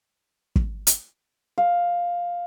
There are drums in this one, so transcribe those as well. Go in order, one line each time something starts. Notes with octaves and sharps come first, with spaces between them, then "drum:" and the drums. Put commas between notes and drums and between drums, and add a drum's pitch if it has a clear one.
drum: kick
drum: hi-hat
F5